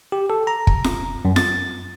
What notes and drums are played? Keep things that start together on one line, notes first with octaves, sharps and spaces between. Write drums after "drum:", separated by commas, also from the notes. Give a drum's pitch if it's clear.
G4
A4
A#5
drum: kick
drum: snare F4
F#2
A6, drum: snare F4